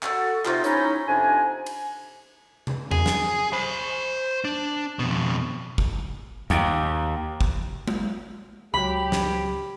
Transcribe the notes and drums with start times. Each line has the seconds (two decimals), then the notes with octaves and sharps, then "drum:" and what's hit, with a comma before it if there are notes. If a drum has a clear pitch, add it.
0.03 F#4 A4, drum: clap
0.45 C3 D#4 F4, drum: clap
0.64 C#4 D#4 E4, drum: hi-hat
1.07 F2 C3 D4 D#4 G#5
1.66 drum: cymbal
2.67 drum: tom C3
2.91 G#4, drum: tom E2
3.06 drum: snare
3.53 C5 B5
4.45 D4
4.99 F2 B2
5.78 drum: kick
6.50 D#2, drum: hi-hat
7.41 drum: kick
7.88 drum: tom G#3
8.74 C#2 F#3 G4 B5
9.12 drum: snare